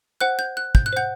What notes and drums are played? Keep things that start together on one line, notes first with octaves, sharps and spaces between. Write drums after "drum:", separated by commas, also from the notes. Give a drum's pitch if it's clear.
C5 F#5 F#6
G6
F#6
G6, drum: kick
F#6
C5 F#5 G6